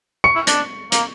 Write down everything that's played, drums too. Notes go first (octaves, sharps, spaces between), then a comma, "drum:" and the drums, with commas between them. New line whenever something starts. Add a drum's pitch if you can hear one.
C#6 C#7
E4
D4, drum: hi-hat
A#3, drum: hi-hat